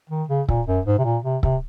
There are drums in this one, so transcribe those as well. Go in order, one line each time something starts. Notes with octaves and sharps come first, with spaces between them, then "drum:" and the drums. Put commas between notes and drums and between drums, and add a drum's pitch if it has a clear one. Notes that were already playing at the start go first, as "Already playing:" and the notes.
D#3
C#3
A#2, drum: kick C#1
F#2
G#2
C3
A#2
C3
C3, drum: kick C#1